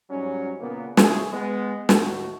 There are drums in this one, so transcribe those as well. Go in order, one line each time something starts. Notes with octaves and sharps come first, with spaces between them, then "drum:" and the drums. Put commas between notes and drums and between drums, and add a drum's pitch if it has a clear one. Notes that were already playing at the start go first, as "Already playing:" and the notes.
G#2 F#3 G3 C#4
A#2 C#3 A#3 B3
C#3 F3 C#4 E4 F#4 G#4, drum: snare
G#3 B3
A1 D#2 A2 D#3 A3 F#4, drum: snare